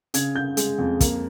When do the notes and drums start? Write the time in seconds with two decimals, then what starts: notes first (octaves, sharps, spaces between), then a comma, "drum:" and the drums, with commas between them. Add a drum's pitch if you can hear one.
0.14 C#3 G#6, drum: hi-hat
0.35 C#3 G6
0.57 G#3, drum: hi-hat
0.78 F2
1.01 A#3, drum: kick, hi-hat